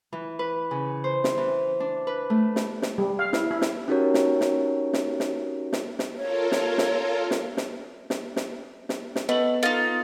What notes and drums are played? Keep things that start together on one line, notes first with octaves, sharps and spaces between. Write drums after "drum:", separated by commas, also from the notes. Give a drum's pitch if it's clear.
E3
B4
C#3
C5
drum: snare
E3
D4
B4
A3
drum: snare
drum: snare
G3
F5
E4, drum: snare
E4
drum: snare
C#4 D#4 F#4 G4 A#4 C#5
drum: snare
drum: snare
drum: snare
drum: snare
drum: snare
drum: snare
F4 A4 A#4 C#5
drum: snare
drum: snare
drum: snare
drum: snare
drum: snare
drum: snare
drum: snare
drum: snare
A3 B3 D#5 F#7
D#4 F4 A4